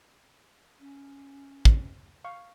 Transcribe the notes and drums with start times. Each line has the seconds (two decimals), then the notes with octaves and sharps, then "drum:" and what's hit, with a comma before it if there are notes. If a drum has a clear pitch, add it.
0.79 C#4
1.65 drum: kick
2.25 F5 C#6